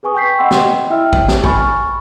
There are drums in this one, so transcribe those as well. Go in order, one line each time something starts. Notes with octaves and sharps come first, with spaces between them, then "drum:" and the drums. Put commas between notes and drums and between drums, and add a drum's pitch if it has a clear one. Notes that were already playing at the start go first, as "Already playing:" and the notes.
G#4 B4 G#5 C#6 D#6
G5 C#6 G6 B6 C7
D#5 F#5 G5 B5 C6 E6
drum: snare
E4 E5 G5 E6 F6
drum: kick A1
drum: snare
G#5 B5 C#6 F6 A6, drum: kick A1